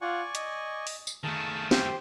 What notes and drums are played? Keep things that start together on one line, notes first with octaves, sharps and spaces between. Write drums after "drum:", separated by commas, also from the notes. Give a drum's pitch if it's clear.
F4 D5 F#5 G#5 C#6
D#5, drum: hi-hat
drum: open hi-hat
drum: tambourine
D#3 A3 G#4 F5 A5
G4 C5, drum: snare